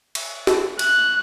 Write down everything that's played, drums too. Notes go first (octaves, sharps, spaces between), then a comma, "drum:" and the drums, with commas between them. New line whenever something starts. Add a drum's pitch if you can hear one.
drum: cymbal
drum: snare
F#6, drum: cymbal